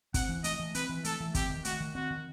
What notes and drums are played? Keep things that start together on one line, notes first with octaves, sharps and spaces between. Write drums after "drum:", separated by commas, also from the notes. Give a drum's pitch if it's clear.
C4 F#5, drum: kick, hi-hat
E3
A3 D#5, drum: hi-hat
E3
C4 B4, drum: hi-hat
E3
A3 A4, drum: hi-hat
E3
C4 G4, drum: kick, hi-hat
D#3
A3 F#4, drum: hi-hat
D#3
C4 F#4
D#3